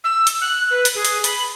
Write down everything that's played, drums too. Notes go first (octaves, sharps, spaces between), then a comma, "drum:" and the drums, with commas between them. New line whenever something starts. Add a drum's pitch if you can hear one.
E6
drum: hi-hat
F#6
B4
drum: hi-hat
G#4
drum: hi-hat
B5, drum: hi-hat